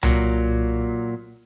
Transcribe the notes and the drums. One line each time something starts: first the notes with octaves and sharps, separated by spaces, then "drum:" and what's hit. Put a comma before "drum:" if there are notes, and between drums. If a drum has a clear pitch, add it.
A#2 F#3, drum: tom C2